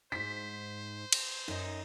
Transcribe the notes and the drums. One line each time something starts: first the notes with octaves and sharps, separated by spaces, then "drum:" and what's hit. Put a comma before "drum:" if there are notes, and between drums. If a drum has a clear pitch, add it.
G#2 C5 B6
drum: cymbal
F#2 D#4 D#5